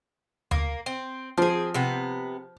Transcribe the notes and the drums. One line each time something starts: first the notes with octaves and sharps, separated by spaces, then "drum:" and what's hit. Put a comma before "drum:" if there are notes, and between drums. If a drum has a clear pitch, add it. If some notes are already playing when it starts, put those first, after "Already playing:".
A#3, drum: tom D2
C4
F3 C4 G#4
C3 B3